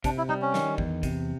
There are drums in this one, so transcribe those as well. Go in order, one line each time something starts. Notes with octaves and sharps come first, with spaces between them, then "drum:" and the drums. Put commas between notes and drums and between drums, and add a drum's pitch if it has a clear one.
C3 D4, drum: kick, hi-hat
E4
G3 D#4
C#4
D#3, drum: snare
E2, drum: kick
C3, drum: kick, hi-hat